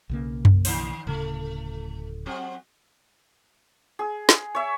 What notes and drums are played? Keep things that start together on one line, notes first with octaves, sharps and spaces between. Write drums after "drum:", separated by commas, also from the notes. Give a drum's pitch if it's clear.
B1 C#3 A#3
drum: tom F#2
D#3 D4 C5, drum: open hi-hat
D1 C#3 A3
F#3 C4 F#4
G#4
drum: snare
C#5 E5